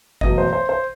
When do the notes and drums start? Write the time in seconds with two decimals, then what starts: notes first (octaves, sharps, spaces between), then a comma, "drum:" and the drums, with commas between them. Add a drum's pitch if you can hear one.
0.21 F#1 E2 B2 F#3 A3 D#5, drum: kick G1
0.38 C5
0.53 C5
0.69 C5